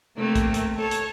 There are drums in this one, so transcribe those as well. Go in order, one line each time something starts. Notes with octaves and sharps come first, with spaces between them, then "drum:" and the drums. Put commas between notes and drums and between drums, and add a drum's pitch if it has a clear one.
C3 A3 A#3 C4
drum: kick, hi-hat
drum: hi-hat
A4 C#5 A5
drum: hi-hat